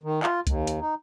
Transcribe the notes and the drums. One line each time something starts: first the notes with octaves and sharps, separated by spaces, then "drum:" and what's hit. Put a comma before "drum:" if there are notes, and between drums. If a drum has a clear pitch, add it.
D#3
F4, drum: clap
D#2, drum: kick C2, hi-hat
drum: hi-hat
D#4